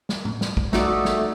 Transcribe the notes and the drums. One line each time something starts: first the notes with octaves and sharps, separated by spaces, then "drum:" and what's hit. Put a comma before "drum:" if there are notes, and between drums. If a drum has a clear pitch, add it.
drum: snare
drum: tom A2
drum: snare
drum: kick A#1
A3 D#4 F#4 D5, drum: snare
drum: snare